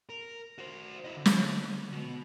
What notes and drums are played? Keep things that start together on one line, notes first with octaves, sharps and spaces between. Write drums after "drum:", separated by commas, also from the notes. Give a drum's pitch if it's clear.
A#4
F#4 C5
E4 D#5
D3
drum: snare
B3 F#4